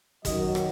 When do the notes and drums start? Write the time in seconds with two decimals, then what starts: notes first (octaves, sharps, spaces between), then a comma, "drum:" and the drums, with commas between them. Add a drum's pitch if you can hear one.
0.25 F#2 D#3 F#3 D#5, drum: kick, hi-hat
0.55 drum: rim click